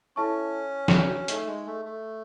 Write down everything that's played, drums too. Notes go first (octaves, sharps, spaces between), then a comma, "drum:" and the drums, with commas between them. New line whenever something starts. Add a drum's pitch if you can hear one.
C#4 E4 A4 E5 A5 C#6
drum: snare
A3 D#4 G#4 D#5, drum: hi-hat
G#3
A3
A3